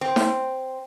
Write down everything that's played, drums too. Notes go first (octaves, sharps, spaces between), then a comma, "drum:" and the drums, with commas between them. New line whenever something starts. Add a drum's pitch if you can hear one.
C4
drum: snare